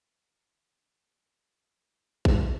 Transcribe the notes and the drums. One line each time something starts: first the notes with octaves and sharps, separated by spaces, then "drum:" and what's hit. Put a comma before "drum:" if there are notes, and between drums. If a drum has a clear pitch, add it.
D#3
D#1
B1
A2
drum: kick